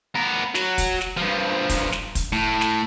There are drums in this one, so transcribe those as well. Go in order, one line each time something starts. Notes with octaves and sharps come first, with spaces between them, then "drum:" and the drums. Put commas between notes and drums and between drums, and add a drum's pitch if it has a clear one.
B3 A#4
F#3 F#4, drum: snare
drum: kick, hi-hat
drum: snare
G2 F3
drum: kick, hi-hat
drum: snare
drum: kick, hi-hat
A2
drum: snare